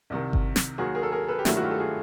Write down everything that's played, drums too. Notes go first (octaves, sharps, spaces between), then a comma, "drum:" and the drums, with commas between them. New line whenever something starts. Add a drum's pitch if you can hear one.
C2 C3 D#3
drum: kick G1
drum: snare
D#2 D#3 F#3 F#4 G#4
G#4 A#4
A4
G#4 A#4
A4 B4
G4
G2 D#3 F#3 A3 E4 F#4, drum: snare
F#4
F4 G4
A4
F#4 G#4